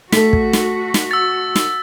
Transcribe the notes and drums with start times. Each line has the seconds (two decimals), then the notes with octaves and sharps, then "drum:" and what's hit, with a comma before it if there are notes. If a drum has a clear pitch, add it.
0.12 A3 F#4 A4 B6, drum: snare
0.33 drum: kick
0.53 drum: snare
0.94 drum: snare
1.11 E6 A6
1.56 drum: snare